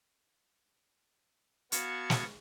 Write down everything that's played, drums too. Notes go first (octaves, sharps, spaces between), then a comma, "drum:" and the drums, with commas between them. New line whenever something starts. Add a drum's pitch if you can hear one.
B3 F#4 F5 A5 C#6 G#6, drum: hi-hat
drum: snare